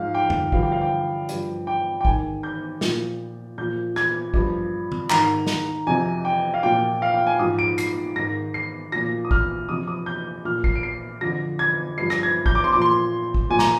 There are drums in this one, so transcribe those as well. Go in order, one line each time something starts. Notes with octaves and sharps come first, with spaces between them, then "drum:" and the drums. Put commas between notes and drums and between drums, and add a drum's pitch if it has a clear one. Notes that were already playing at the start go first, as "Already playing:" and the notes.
Already playing: G#2 F3 F5
G5
drum: tom F2
G2 D3 F3 F5, drum: kick
G5
F5
G5
G2 F3, drum: hi-hat
G5
G5
G#2 D#3 G#5, drum: kick
G6
A#2 F3, drum: snare
A#2 F3 G6
G#6, drum: rim click
G2 F3, drum: kick
drum: tom D#3
G#2 D#3 A#5, drum: clap
drum: snare
F2 C3 F3 G#5
G5
F5
A#2 F3 G5
F5
G5
G#5
G#2 F3 D#6
D7
C7, drum: hi-hat
G#2 D#3 A#6
C7
A#2 F3 A#6
D#6
F6, drum: kick
F2 C3 F3 D#6
D#6
G6
A#2 F3 F6
C7, drum: kick
D7
C7
F2 D3 F3 A#6
G#6
G2 F3 C7
A#6, drum: rim click
G#6
G6, drum: kick
D6
C6
A#2 F3 D6
C6
drum: kick
A#2 F3 G#5
A#5, drum: snare